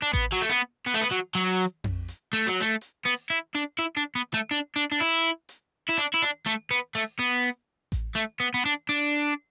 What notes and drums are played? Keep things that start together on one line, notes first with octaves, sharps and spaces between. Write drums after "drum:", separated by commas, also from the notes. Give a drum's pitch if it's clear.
D4
B3, drum: kick A1, hi-hat
F#3
A3
B3
B3, drum: hi-hat
A3
B3
F#3, drum: hi-hat
F#3
drum: hi-hat
drum: tom F2
drum: hi-hat
A3, drum: hi-hat
F#3
A3
drum: hi-hat
B3, drum: open hi-hat
E4
D4, drum: hi-hat
E4
D4
B3
A3
D4
D4, drum: hi-hat
D4
E4, drum: hi-hat
drum: hi-hat
E4
D4, drum: hi-hat
E4
D4, drum: hi-hat
A3, drum: hi-hat
B3, drum: hi-hat
A3, drum: open hi-hat
B3
drum: hi-hat
drum: kick A1, hi-hat
A3, drum: hi-hat
B3
B3
D4, drum: hi-hat
D4, drum: hi-hat